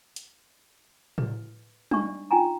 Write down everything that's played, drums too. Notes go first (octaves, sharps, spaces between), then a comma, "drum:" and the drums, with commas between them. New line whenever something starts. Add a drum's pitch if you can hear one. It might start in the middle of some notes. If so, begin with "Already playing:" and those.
drum: hi-hat
B4, drum: tom A2
D4 D#4 C#6, drum: tom G3
D#4 F4 G5 G#5 A#5